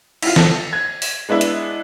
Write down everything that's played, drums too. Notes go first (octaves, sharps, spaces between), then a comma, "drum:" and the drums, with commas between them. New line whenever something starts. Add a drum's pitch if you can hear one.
E4 F4, drum: cymbal
A4, drum: snare
G#6
drum: open hi-hat
G#3 B3 D4 E4
drum: hi-hat